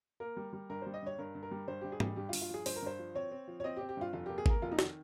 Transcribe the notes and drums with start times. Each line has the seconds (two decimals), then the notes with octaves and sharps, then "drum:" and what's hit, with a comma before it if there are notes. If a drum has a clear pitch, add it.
0.20 A#3 A#4
0.37 G3
0.53 G3
0.70 G2 A#4
0.82 G3 C5
0.94 D#5
1.03 G2 C#5
1.19 G2 A#4
1.35 G2
1.43 A#4
1.51 G3
1.68 G2 C5
1.81 G2 G4
1.92 G#4
2.00 G3, drum: tom G#2
2.16 G2 G4
2.29 F4
2.33 G2, drum: open hi-hat
2.41 F4
2.49 F3 G#4
2.66 G2 C5, drum: open hi-hat
2.76 A#4
2.82 G2 C5
2.99 F3
3.15 C4 C#5
3.32 C4
3.48 F3
3.60 C#5
3.64 C4 D#5
3.77 G4
3.81 C4
3.89 G4
3.97 G2 F4
4.13 F1 F4
4.26 A#3 G4
4.38 G#4
4.46 A#3 A#4, drum: kick G#1
4.62 F1 F4
4.72 D#4
4.79 D#3, drum: snare